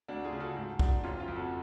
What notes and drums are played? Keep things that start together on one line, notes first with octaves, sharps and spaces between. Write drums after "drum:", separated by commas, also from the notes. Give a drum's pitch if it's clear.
D2 D4 F#4
F4 G#4
C#3
F#4 A4
G#2 F#4 A4
G#2 D4 F#4, drum: kick
F#1 C#4 F4
C#4 F4
F2
F#4 A4